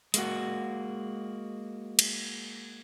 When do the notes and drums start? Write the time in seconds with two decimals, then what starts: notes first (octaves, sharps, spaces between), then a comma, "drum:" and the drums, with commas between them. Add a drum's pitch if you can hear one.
0.14 G#3 A#3 F#4, drum: hi-hat
1.99 drum: cymbal